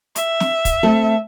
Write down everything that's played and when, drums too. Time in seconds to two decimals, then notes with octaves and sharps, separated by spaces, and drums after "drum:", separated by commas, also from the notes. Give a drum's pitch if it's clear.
0.16 E5, drum: hi-hat
0.40 drum: snare
0.65 drum: kick, hi-hat
0.83 A3 C4 A4